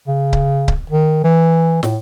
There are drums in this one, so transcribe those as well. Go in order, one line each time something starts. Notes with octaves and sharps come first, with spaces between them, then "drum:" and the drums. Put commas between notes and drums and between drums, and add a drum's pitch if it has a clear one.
C#3
drum: kick C#1
drum: kick C#1
D#3
E3
A2, drum: snare